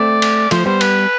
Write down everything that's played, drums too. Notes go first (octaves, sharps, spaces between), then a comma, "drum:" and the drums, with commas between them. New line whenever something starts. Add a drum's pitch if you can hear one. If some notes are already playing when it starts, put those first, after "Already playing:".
Already playing: A3 C4 D5
drum: cymbal
F3 A3 C5, drum: cymbal
G3 B3 C5
B4, drum: cymbal